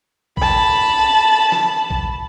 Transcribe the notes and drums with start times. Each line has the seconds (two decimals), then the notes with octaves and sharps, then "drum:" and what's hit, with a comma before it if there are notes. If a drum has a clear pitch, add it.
0.37 A5 B5, drum: kick A#1
1.52 drum: snare
1.90 drum: kick A#1